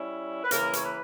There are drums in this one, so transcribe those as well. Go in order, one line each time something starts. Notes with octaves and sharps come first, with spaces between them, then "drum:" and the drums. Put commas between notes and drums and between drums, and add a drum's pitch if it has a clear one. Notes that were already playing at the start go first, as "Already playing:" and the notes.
Already playing: G3 C#4 E4
B4
C#3 E3 A#3 E4 A#4, drum: hi-hat
C#5, drum: hi-hat
B4